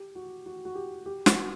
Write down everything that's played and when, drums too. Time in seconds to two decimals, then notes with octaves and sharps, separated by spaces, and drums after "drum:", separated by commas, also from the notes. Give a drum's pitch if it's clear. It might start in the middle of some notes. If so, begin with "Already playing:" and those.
Already playing: G4
0.15 F#4
0.46 F#4
0.65 F#4
0.75 G4
1.06 G4
1.26 F#4, drum: snare